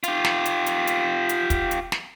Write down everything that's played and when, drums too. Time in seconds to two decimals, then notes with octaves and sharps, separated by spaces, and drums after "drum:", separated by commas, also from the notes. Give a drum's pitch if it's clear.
0.04 F4 G4, drum: hi-hat
0.25 drum: snare
0.45 drum: hi-hat
0.66 drum: hi-hat
0.87 drum: hi-hat
1.29 drum: hi-hat
1.50 drum: kick, hi-hat
1.71 drum: hi-hat
1.92 drum: snare